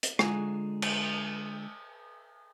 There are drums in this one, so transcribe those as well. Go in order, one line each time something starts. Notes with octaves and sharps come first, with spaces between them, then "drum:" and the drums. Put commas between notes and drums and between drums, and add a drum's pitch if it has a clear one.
drum: hi-hat
D3 G#3 F4 G#4 G#5 A#5, drum: rim click
drum: cymbal